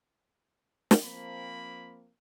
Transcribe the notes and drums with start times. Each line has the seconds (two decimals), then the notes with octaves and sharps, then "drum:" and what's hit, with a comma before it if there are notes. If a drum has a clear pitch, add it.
0.91 drum: snare
1.05 F3 A#3 C4 B5